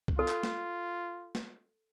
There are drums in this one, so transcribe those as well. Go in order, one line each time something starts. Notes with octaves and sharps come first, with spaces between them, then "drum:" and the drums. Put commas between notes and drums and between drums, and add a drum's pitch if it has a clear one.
drum: kick C2
F4 A4
drum: clap
drum: snare
drum: snare